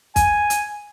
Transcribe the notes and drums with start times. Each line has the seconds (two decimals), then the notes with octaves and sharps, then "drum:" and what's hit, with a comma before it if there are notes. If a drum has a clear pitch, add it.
0.16 G#5, drum: kick, hi-hat
0.50 drum: hi-hat